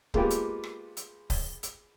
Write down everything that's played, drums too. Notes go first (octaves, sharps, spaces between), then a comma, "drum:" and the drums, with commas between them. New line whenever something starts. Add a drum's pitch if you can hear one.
G#3 A#3 B3 F4 G4 G5, drum: kick C#1
drum: hi-hat
drum: rim click
drum: hi-hat
drum: kick C#1, open hi-hat
drum: hi-hat